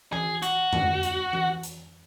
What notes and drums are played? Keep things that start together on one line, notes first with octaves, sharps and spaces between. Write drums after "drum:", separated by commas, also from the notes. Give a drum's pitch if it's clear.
G#4, drum: tom E3
F#4, drum: hi-hat
drum: tom
drum: hi-hat
drum: tom E3
drum: hi-hat